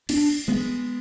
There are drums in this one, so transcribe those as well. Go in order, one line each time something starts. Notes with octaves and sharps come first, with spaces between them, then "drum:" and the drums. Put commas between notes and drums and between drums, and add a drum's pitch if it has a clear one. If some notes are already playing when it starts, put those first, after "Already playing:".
B3 D4, drum: cymbal
G#3 B3